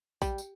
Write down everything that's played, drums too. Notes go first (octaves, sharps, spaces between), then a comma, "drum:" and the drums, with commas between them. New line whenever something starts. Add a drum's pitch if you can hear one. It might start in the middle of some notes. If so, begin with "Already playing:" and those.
G3, drum: kick A#1, tambourine
drum: tambourine